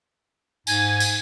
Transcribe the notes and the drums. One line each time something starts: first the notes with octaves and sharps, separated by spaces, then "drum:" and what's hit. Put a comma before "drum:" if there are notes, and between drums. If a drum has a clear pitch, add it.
G#2 G#5, drum: tambourine
drum: tambourine